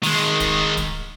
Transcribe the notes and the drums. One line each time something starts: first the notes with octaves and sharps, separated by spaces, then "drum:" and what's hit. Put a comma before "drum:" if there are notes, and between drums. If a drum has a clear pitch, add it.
D#3 G#3, drum: open hi-hat
drum: kick D1, hi-hat
drum: kick D1, hi-hat